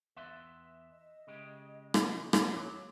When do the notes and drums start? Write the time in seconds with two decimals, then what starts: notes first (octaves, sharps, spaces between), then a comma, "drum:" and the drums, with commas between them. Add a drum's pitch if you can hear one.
0.17 E2 B4 E5 C6
0.92 D#5
1.27 C#3 G#3 G4
1.94 drum: rim click
2.33 drum: rim click
2.52 F#2 F#3 C#5 D6